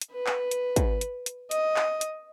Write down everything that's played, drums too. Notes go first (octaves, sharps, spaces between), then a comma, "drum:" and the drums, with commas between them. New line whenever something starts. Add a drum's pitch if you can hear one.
drum: hi-hat
B4
drum: clap
drum: hi-hat
drum: kick, hi-hat
drum: hi-hat
drum: hi-hat
D#5, drum: hi-hat
drum: clap
drum: hi-hat